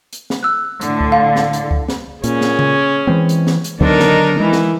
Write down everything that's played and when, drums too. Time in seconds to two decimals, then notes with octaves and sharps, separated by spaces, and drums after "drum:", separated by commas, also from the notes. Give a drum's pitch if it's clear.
0.13 drum: hi-hat
0.30 drum: snare
0.43 E6 F#6
0.81 A2 D3, drum: hi-hat
1.01 drum: kick C#2
1.12 F5 C6
1.36 drum: snare
1.53 drum: hi-hat
1.71 drum: kick C#2
1.88 drum: snare
2.24 A#2 C#4 G#4, drum: hi-hat
2.41 drum: snare
2.59 drum: tom C#3
3.07 E3 G#3 C4
3.29 drum: hi-hat
3.47 drum: snare
3.64 drum: hi-hat
3.81 D3 D#3 F#3 B3 D4 D#4 A#4, drum: kick C#2
4.00 drum: snare
4.40 E3 G#3
4.52 drum: snare